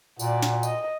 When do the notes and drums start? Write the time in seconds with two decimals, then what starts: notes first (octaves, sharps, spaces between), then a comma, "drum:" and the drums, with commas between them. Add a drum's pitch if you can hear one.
0.19 A#2 F#4 D5, drum: tambourine
0.42 drum: snare
0.63 D#5, drum: tambourine